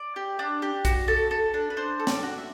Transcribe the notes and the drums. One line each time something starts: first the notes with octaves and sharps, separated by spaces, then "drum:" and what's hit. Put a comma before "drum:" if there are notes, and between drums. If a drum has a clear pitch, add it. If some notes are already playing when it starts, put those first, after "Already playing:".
Already playing: D5
G4
D4
G4
F#4, drum: kick, hi-hat
A4
A4
D4
B4
D4 C5
A4
D5, drum: snare
F#4
E5